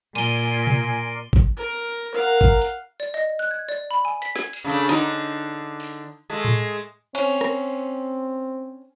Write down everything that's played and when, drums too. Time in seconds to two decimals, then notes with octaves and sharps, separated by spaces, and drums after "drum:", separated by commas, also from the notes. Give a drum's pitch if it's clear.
0.15 A#2 A#4 D5 G#5 C6 D#7 G7, drum: cymbal
0.67 drum: tom B2
1.33 drum: kick
1.56 A#4
2.15 A#4 F5 F#5
2.41 drum: kick
2.62 drum: hi-hat
3.00 D5
3.14 D#5
3.39 F#6
3.51 G#6
3.69 D5
3.91 B5
4.05 G#5
4.22 B6, drum: hi-hat
4.36 G#6, drum: snare
4.53 drum: cymbal
4.64 C#3 A3 D4
4.89 D3 D4 D#4, drum: snare
5.80 drum: open hi-hat
6.30 G#3 A3
6.45 drum: tom A2
7.15 C4 C#4, drum: cymbal
7.41 drum: rim click